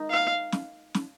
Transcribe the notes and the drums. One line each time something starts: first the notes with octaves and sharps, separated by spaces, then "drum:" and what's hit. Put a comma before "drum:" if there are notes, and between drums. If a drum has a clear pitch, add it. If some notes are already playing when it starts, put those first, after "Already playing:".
Already playing: D#4
F5
drum: snare
drum: snare